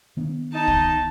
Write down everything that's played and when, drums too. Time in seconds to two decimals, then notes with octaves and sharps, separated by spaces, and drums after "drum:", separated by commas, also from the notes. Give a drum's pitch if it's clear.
0.17 D#3 B3 D4
0.53 D#4 A5
0.68 drum: kick